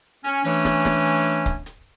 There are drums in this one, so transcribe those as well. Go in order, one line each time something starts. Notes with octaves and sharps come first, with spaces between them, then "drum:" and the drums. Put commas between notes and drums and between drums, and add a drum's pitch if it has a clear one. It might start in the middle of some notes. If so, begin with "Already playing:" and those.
C#4, drum: hi-hat
E3 A3 C#4 D4 C#5, drum: open hi-hat
drum: snare
drum: snare
drum: hi-hat
drum: kick C#1, hi-hat
drum: hi-hat